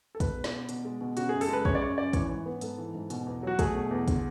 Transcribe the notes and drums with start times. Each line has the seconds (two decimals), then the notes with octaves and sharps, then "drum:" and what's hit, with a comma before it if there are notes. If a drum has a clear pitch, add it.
0.15 A4
0.20 G#3 B4, drum: kick, hi-hat
0.37 B2
0.44 D5, drum: snare
0.53 B3
0.69 B2, drum: hi-hat
0.85 G#3
1.01 B2
1.17 C#3 F#4, drum: hi-hat
1.29 F#2 G#4
1.41 A4, drum: open hi-hat
1.49 G#3 B4
1.65 F#2 C#5, drum: kick
1.75 D5
1.81 C#3 C#5
1.97 F#2 D5
2.13 E3 C#5, drum: kick, hi-hat
2.29 G#2 C#5
2.46 B3 B4
2.61 G#2 A4, drum: hi-hat
2.78 E3
2.95 G#2
3.10 B2, drum: hi-hat
3.26 E2
3.43 F#3 F#4
3.59 A3 G#4, drum: kick, hi-hat
3.75 B2
3.91 E2
4.08 D3, drum: kick, hi-hat